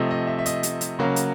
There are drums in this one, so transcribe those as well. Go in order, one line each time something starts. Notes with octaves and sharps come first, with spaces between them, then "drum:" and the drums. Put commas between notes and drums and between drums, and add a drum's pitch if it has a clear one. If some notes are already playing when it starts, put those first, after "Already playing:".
Already playing: C3 F3 A3 D#5
D#5
E5
E5
D#5, drum: hi-hat
drum: hi-hat
drum: hi-hat
C#3 F#3 A#3
drum: hi-hat